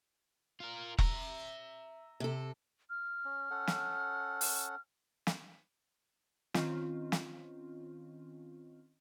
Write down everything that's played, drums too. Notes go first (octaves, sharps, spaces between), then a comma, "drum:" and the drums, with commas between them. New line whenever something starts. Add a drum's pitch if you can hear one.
F4 A#4
E5 A#5, drum: kick E1
C3 A4
F6
C#4
C#4 A4 F#5
drum: snare
drum: open hi-hat
drum: snare
D#3 C4 C#4 F4, drum: snare
drum: snare